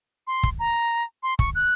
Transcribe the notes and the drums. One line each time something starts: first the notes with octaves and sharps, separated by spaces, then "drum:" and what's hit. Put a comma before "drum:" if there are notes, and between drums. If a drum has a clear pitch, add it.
C6
drum: kick
A#5
C6
C#6, drum: kick
F#6